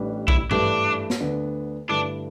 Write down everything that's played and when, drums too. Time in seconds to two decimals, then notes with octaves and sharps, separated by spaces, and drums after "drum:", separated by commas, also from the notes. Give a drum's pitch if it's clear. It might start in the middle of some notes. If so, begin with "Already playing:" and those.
Already playing: A1 A2 G3 D4 B4
0.28 E4, drum: kick A#1
0.51 G2 E3 A3 D4 G4 B4, drum: tom G#2
1.10 drum: snare A#3
1.20 D2 D3 B3 D4
1.89 G2 D3 A3 D4 E4 B4